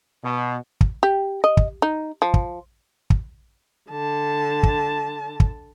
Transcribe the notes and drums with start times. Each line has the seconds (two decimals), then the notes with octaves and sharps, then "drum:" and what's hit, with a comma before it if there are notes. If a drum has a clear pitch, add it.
0.23 B2
0.81 drum: kick
1.03 G4
1.44 D#5
1.57 drum: kick
1.82 D#4
2.22 F3
2.34 drum: kick
3.10 drum: kick
3.90 D3 A5
4.63 drum: kick
5.40 drum: kick